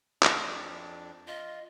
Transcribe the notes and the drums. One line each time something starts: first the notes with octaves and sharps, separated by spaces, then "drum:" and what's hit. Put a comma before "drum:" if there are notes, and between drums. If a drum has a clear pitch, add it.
F2 D4, drum: clap
F4 D#5